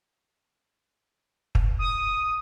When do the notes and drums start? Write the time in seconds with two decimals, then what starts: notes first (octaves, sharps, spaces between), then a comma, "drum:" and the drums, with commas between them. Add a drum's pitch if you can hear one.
1.55 drum: kick
1.79 D#6